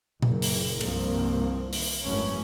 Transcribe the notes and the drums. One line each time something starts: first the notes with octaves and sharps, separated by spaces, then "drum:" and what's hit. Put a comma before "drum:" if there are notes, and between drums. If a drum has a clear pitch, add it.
F#1 A#2, drum: tom A#2
drum: open hi-hat
C2 G2 F3 A#3 C4, drum: cymbal
D#3, drum: open hi-hat
G#1 F#2 E3 A3 C#4